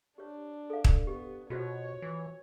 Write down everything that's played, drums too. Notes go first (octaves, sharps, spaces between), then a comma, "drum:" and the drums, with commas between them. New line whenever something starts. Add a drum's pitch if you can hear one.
D4 G4 C#5
A4 F5
drum: kick
B3 G4
B2 F4 F#4 C5 C#5
E3